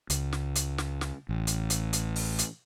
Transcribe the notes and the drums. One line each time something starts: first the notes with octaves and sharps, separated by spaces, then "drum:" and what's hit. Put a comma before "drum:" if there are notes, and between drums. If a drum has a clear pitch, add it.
C#2, drum: hi-hat
drum: snare
drum: hi-hat
drum: snare
drum: snare
A1
drum: hi-hat
drum: hi-hat
drum: hi-hat
drum: open hi-hat
drum: hi-hat